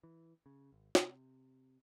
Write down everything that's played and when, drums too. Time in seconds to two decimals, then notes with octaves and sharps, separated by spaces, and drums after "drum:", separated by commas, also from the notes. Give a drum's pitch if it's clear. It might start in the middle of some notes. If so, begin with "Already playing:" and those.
0.03 E3
0.46 C#3
0.72 G#1
0.95 C3, drum: snare